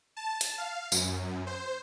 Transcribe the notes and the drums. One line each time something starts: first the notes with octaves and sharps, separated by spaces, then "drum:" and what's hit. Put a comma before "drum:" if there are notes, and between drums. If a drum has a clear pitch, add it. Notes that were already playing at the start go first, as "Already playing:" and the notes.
A5
drum: hi-hat
F5
F#2, drum: tambourine
C5